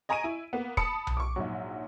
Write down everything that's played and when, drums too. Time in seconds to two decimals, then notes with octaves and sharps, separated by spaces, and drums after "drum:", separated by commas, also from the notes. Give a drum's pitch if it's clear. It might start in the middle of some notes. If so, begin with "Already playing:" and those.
0.09 D#5 G#5 A#5 C#6 D7 D#7
0.24 E4
0.53 A#3 B3
0.77 A5 B5 D#6 C#7, drum: kick
1.07 drum: tom B1
1.17 C#6 D6
1.36 A#1 G#2 F#3